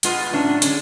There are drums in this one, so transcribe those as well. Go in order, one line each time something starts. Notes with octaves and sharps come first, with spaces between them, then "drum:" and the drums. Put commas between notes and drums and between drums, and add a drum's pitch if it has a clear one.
B2 G#3 B3 F4, drum: hi-hat
A2 F#3 C#4 D4
D3 G#3 C#4, drum: hi-hat